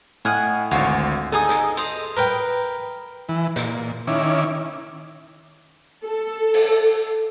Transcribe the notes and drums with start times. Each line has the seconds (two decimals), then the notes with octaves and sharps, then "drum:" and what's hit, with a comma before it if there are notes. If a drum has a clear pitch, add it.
0.25 A2 D#5 F#5 G#5 F6
0.71 G#1 D2 F4 F#4 C#5
1.32 D#4 G#4 A4 G#5 D#6
1.49 drum: hi-hat
1.77 C5 D#5, drum: cymbal
2.17 A#4 B4 G5
3.29 E3
3.56 A#2, drum: hi-hat
4.07 D#3 C#4 E4 D6
6.04 A4
6.54 drum: open hi-hat